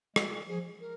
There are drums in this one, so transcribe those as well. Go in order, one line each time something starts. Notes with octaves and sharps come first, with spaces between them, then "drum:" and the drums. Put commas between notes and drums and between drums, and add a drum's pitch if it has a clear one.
G#3 F#4, drum: rim click
F3 G#4
A#4